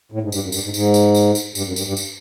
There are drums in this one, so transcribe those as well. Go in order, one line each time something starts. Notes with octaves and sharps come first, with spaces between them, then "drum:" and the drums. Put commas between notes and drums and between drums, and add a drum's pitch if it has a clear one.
A2
G#2
G2, drum: tambourine
F#2
G2, drum: tambourine
G#2
G#2, drum: tambourine
drum: tambourine
drum: tambourine
drum: tambourine
G2, drum: tambourine
F#2
G2, drum: tambourine
G2
drum: tambourine